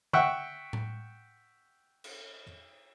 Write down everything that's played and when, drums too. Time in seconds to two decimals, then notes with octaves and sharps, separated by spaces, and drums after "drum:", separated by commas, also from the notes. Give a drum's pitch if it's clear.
0.13 E5 F#5 G5 C#6, drum: tom D3
0.73 drum: tom A2
2.04 drum: cymbal